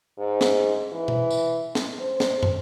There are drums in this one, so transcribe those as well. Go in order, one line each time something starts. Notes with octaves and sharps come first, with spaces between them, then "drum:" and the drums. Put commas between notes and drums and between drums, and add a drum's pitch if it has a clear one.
G#2
drum: snare
E3
drum: tom B2
drum: tambourine
drum: snare
C5
drum: snare
drum: tom